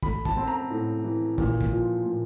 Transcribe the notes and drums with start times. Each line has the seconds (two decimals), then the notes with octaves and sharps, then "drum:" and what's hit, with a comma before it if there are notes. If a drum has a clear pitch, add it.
0.03 A3 B5, drum: kick
0.25 A5, drum: kick
0.37 C4
0.48 A#5
0.70 A2
1.04 E3
1.38 A#2, drum: kick
1.61 drum: kick
1.72 F3
2.06 A#2